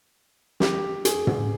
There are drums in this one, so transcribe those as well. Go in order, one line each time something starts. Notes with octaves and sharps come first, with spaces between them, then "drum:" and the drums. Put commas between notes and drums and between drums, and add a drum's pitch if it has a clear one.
G4, drum: snare
G#4, drum: hi-hat
drum: tom